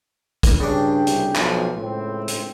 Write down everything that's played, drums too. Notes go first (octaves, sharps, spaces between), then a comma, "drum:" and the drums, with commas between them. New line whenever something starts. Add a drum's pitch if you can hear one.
drum: kick, hi-hat
D2 G2 C#3 G3 D4 G5
C2, drum: hi-hat
B1 F3 G#5, drum: clap
C#2 A2 C4
drum: hi-hat